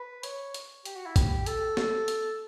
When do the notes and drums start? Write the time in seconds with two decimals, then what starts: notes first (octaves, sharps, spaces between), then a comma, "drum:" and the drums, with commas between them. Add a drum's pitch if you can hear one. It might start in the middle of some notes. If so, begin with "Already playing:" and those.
Already playing: B4
0.23 C#5, drum: hi-hat
0.54 drum: hi-hat
0.85 G4, drum: hi-hat
0.96 F#4
1.06 E4
1.16 G4, drum: kick, hi-hat
1.46 A4, drum: hi-hat
1.77 A4, drum: snare
2.08 drum: hi-hat